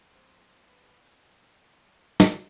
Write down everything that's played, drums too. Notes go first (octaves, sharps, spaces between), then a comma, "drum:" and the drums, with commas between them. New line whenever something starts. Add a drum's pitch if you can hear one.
B2 F#3 C5
B4
B2 F#3
drum: snare
C3